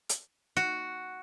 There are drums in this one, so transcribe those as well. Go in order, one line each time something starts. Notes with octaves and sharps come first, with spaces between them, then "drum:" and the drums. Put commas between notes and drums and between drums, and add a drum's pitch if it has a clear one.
drum: hi-hat
F#4